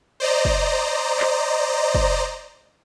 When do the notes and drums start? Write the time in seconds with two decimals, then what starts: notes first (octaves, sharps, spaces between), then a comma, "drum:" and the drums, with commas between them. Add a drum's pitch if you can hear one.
0.20 C5 D5 D#5 A#5
0.45 drum: kick
1.20 drum: clap
1.95 drum: kick